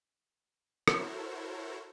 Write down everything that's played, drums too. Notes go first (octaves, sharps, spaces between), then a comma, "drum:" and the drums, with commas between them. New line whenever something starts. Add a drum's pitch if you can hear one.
E4 F#4 A4 A#4 C5 C#5, drum: rim click